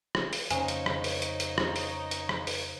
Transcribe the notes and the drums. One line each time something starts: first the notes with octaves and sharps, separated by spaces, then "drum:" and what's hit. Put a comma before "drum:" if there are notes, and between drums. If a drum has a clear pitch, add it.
drum: rim click
drum: open hi-hat
F2 C#3 C#4 D#4 C5 C#5 F5 G#5, drum: hi-hat
drum: hi-hat
drum: rim click
drum: open hi-hat
drum: hi-hat
drum: hi-hat
drum: rim click
drum: open hi-hat
drum: hi-hat
drum: rim click
drum: open hi-hat